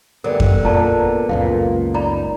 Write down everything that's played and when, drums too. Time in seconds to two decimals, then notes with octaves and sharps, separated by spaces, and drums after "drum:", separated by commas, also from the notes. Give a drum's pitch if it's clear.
0.24 F#2 D3 G3 A3 B3 A#4 D5
0.40 drum: kick F2
0.65 A#2 B3 A#4 D5 A5 A#5
1.29 F#1 C#2 A#2 F5
1.94 D#4 D5 A#5 B5